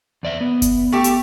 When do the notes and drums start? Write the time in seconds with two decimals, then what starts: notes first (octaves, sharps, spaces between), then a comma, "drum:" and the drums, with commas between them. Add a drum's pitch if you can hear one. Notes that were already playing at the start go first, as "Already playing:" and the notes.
0.23 E2 D5 E5
0.41 B3
0.62 drum: kick F#1, hi-hat
0.92 A3 G4
1.04 drum: hi-hat